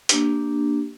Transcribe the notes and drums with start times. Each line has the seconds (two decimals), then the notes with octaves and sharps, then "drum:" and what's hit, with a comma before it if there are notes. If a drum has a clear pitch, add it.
0.09 A#3 D4 G4, drum: hi-hat